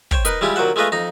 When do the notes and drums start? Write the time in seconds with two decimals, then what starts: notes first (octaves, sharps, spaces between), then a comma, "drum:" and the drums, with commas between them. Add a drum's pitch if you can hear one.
0.11 C5 C#5 G5, drum: kick
0.25 D#4 A#4 B4, drum: hi-hat
0.41 G3 G#3 E4 F4 G4
0.56 D#2 A#2 F#3 C5 F#5
0.76 G#3 A3 F4 B4 D#5 F5
0.92 F2 D#4 A#5